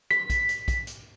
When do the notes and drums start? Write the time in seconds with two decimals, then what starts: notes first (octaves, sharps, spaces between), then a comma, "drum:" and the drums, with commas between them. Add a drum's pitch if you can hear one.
0.11 B6, drum: rim click
0.30 drum: kick, hi-hat
0.49 drum: hi-hat
0.68 drum: kick, hi-hat
0.87 drum: hi-hat